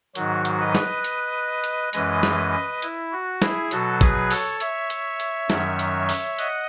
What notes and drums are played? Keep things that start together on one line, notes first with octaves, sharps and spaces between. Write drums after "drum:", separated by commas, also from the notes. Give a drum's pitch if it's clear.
G#2 D#3 F#3 F#4, drum: hi-hat
drum: hi-hat
B4 D#5
drum: snare
drum: hi-hat
drum: hi-hat
F#2 E3 G#3 B4 D#5, drum: hi-hat
drum: snare
E4, drum: hi-hat
F#4
E4 G#4, drum: snare
B2 F#3 F#4 A4, drum: hi-hat
G#4 B4, drum: kick A1, hi-hat
A4 C#5, drum: open hi-hat
C#5 E5, drum: hi-hat
drum: hi-hat
drum: hi-hat
F#2 D#3 F#3, drum: snare
drum: hi-hat
drum: open hi-hat
D#5 F#5, drum: hi-hat